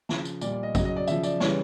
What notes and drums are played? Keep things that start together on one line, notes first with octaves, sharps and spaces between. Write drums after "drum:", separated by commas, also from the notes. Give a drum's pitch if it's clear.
C#3 F3, drum: snare
drum: tambourine
A#2 G3 D5, drum: tambourine
D5
D#5
C#3 F#3 D#5, drum: kick G#1, tambourine
D#5
D5
C#3 F3 E5, drum: tambourine
D5, drum: tambourine
C#3 E3 G3 C#5, drum: snare